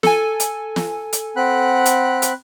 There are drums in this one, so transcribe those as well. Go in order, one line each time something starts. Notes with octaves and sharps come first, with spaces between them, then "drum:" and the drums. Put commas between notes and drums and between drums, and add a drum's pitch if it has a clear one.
A4 G#5, drum: snare
drum: hi-hat
drum: snare
drum: hi-hat
C4 F#5 B5 F#6
drum: hi-hat
drum: hi-hat